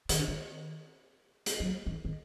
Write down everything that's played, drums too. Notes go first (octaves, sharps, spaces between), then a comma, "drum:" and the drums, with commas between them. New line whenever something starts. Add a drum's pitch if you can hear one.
D#3, drum: hi-hat
D3
D#3
drum: hi-hat
F#3
E3
D#3